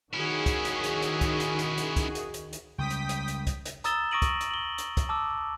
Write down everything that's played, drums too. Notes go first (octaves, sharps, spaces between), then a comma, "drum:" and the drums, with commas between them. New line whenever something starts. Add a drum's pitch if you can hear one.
D#3 C#4 E4 F#4 G#4
drum: kick, hi-hat
drum: hi-hat
drum: hi-hat
drum: hi-hat
drum: kick, hi-hat
drum: hi-hat
drum: hi-hat
drum: hi-hat
drum: kick, hi-hat
drum: hi-hat
drum: hi-hat
drum: hi-hat
C#2 C#3 G3 G5 D#6 B6
drum: hi-hat
drum: hi-hat
drum: hi-hat
drum: kick, hi-hat
drum: hi-hat
A#5 D#6 E6 A6 E7 G7, drum: hi-hat
C#6 D#6 A#6 D7 D#7 F#7
drum: kick, hi-hat
drum: hi-hat
F#7 G7
drum: hi-hat
drum: kick, hi-hat
A5 D6 E6